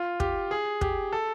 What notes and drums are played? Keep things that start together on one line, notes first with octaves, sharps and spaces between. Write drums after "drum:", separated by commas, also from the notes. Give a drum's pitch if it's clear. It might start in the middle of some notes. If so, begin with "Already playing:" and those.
Already playing: F4
G4, drum: kick
G#4
G4, drum: kick
A4